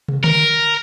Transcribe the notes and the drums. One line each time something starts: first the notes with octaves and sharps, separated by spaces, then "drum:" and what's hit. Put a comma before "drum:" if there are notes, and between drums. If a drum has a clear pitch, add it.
drum: tom
A#4, drum: tom D3